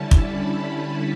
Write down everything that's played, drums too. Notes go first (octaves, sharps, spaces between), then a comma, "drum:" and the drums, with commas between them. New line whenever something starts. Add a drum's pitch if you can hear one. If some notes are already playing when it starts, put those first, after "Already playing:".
Already playing: D3 G3 C#4 E4 A5
B5, drum: kick
A5